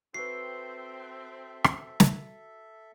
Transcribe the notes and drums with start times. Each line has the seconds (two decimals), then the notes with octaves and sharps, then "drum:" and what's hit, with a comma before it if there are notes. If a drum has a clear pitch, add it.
0.14 C4 F#4 A4 B4 E5 C7
1.64 drum: rim click
2.00 drum: snare